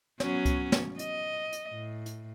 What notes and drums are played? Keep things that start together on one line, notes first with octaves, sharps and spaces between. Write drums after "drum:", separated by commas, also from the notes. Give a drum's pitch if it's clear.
F#3 B3 C#4, drum: snare
drum: kick C#2, hi-hat
drum: snare
D#5, drum: hi-hat
drum: hi-hat
A2
drum: hi-hat